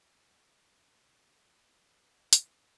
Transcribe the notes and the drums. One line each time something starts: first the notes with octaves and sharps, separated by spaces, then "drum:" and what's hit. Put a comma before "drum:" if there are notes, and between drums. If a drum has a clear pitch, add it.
A#2 G3 A3 A#3 C#4 D#4
drum: hi-hat